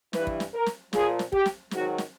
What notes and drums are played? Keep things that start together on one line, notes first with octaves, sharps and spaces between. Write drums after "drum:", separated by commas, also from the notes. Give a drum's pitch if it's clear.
G2 E3 B4, drum: snare
drum: kick
drum: snare
A#4
drum: snare
A#2 F3 G#4, drum: snare
drum: snare
G4, drum: kick
drum: snare
G#2 D#3 F#3 F#4, drum: snare
drum: snare